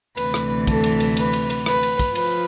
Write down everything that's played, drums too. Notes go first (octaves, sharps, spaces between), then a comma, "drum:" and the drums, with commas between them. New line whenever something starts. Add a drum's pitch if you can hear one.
D2 C3 E3 B4, drum: cymbal
drum: rim click
A4, drum: kick, cymbal
drum: cymbal
drum: cymbal
B4, drum: cymbal
drum: cymbal
drum: cymbal
B4, drum: rim click
drum: cymbal
drum: kick, cymbal
F3 B4, drum: cymbal